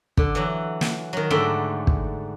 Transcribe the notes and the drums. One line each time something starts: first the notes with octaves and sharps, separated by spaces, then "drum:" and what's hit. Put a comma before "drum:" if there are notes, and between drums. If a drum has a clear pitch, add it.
D3, drum: kick
E3 F#3
drum: snare
D#3 F#3
G#2 D3 A3 F#4 E5 G5
drum: kick